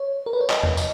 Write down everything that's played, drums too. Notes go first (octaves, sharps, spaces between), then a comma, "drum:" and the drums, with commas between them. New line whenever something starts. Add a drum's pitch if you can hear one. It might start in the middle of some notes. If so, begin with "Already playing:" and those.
Already playing: C#5
A#4
B4
C#5
D#5, drum: clap
drum: tom E2
D#5, drum: tambourine